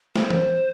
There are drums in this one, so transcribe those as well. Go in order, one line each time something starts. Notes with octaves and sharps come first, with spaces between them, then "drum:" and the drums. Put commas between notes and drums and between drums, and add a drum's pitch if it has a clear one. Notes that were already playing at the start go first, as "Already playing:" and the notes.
C5, drum: snare
drum: tom